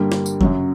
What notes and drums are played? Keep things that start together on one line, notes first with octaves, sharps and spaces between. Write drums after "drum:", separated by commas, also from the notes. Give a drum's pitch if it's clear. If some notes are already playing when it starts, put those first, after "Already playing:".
Already playing: G2 D3 G3 A#3
drum: snare
drum: tambourine
F#2 C#3 F#3, drum: kick F#1